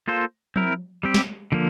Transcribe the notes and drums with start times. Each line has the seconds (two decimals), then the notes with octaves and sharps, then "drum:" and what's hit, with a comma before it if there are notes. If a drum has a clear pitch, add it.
0.08 A#3 F4 A4 C5
0.56 C4 E4 A#4, drum: tom F3
1.03 G3 C4 G4
1.14 drum: snare
1.52 D3 F3 A#3